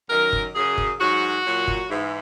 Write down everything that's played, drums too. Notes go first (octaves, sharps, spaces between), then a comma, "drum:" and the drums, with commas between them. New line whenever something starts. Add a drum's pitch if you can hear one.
F#2 D#3 F#3 A#4
drum: kick
F#2 C#3 F#3 G#4
drum: kick
G#2 F#3 F#4
A#2 F#3
drum: kick
G#2 E3